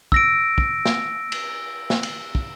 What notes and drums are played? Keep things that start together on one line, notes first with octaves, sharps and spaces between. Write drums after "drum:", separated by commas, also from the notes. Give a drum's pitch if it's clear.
E6 A#6 D7, drum: kick
drum: kick
drum: snare
drum: cymbal
drum: snare
drum: cymbal
drum: kick